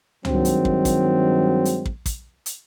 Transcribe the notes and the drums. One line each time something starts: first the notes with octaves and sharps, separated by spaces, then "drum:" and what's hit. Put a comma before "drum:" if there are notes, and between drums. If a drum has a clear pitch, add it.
G2 D#3 F#3 G#3 C4, drum: tom
drum: hi-hat
drum: kick
drum: kick, hi-hat
drum: hi-hat
drum: kick
drum: kick, hi-hat
drum: hi-hat